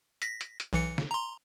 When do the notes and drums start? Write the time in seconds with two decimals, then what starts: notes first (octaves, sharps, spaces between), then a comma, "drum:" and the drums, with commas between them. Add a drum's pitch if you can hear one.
0.22 A#6 B6, drum: hi-hat
0.41 drum: hi-hat
0.60 drum: hi-hat
0.73 B1 E3 C#7
0.98 drum: snare
1.11 A#5 C6